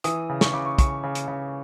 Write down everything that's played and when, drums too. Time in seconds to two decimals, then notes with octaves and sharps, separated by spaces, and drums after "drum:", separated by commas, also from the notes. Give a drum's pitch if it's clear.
0.04 E3 D#6, drum: hi-hat
0.29 C#3
0.41 C#6, drum: snare
0.53 C#3 D6
0.66 C#6
0.79 C#3 C#6, drum: kick, hi-hat
1.03 C#3
1.15 drum: hi-hat
1.28 C#3